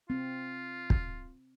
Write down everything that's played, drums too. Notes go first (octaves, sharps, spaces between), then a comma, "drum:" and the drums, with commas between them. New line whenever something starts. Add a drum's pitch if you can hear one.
C4 F4
drum: kick